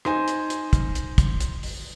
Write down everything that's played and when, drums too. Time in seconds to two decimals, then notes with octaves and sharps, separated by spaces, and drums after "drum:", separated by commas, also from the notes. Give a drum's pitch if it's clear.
0.05 D#4 C5 G#5, drum: rim click
0.28 drum: hi-hat
0.50 drum: hi-hat
0.73 drum: kick, hi-hat
0.95 drum: hi-hat
1.18 drum: kick, hi-hat
1.41 drum: hi-hat
1.63 drum: open hi-hat